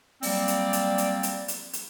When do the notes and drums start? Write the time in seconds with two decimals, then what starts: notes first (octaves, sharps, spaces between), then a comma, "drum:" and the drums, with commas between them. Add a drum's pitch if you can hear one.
0.23 F#3 G3 A#3 C4 D5, drum: open hi-hat
0.48 drum: hi-hat
0.73 drum: hi-hat
0.98 drum: hi-hat
1.23 drum: hi-hat
1.48 drum: hi-hat
1.73 drum: hi-hat